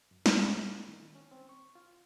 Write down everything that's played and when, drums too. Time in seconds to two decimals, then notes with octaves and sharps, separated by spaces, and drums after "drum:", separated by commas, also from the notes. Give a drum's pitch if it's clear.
0.11 F#2
0.26 C5, drum: snare
0.41 A#2
0.57 A3
0.88 D#3
1.15 C#4
1.32 C4
1.49 C#6
1.75 F4